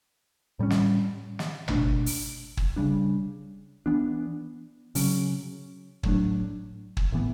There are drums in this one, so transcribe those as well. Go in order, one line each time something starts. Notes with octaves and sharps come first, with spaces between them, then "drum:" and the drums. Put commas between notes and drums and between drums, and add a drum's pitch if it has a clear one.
A2 G3 C#4
drum: snare
drum: snare
B2 A3 D4, drum: tom G#1
drum: open hi-hat
drum: kick
C#3 G3 D4
E3 B3 D4
C#3 F#3 C#4, drum: open hi-hat
A2 F#3 A3 D4, drum: kick
drum: kick
A2 E3 B3